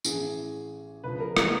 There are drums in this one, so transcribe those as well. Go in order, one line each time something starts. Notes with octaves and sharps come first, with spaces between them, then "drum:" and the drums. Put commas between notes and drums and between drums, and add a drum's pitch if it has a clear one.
A1 A2 E3 G#4, drum: tambourine
C#2 C#3 F3 B4
A#4
A#4, drum: rim click